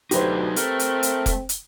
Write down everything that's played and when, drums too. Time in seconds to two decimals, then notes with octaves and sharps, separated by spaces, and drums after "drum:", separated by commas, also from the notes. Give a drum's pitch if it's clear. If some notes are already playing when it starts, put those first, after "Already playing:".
0.11 D2 F#3 D#4 G4 B4 C5, drum: hi-hat
0.56 A3 C4 A#4, drum: hi-hat
0.79 drum: hi-hat
1.03 drum: hi-hat
1.26 drum: kick F1, hi-hat
1.49 drum: hi-hat